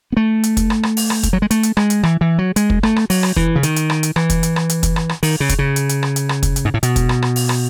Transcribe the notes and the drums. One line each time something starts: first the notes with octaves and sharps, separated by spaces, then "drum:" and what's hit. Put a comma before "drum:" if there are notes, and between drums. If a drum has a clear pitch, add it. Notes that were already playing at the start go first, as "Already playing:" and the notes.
B3
A3
drum: hi-hat
drum: kick, hi-hat
drum: rim click
drum: rim click
drum: open hi-hat
drum: rim click
drum: kick, hi-hat
F#3
G#3
A3, drum: hi-hat
drum: hi-hat
G#3, drum: rim click
drum: hi-hat
E3, drum: rim click
E3
F#3
G#3, drum: hi-hat
drum: kick
A3, drum: rim click
drum: rim click
F#3, drum: open hi-hat
drum: rim click
E3, drum: kick
C#3
D#3, drum: hi-hat
drum: hi-hat
drum: rim click
drum: hi-hat
E3, drum: rim click
drum: kick, hi-hat
drum: hi-hat
drum: rim click
drum: hi-hat
drum: kick, hi-hat
drum: rim click
drum: rim click
D#3, drum: open hi-hat
C#3
drum: kick, hi-hat
C#3
drum: hi-hat
drum: hi-hat
drum: rim click
drum: hi-hat
drum: rim click
drum: kick, hi-hat
drum: hi-hat
G#2
A2
B2, drum: hi-hat
drum: kick, hi-hat
drum: rim click
drum: rim click
drum: open hi-hat
drum: rim click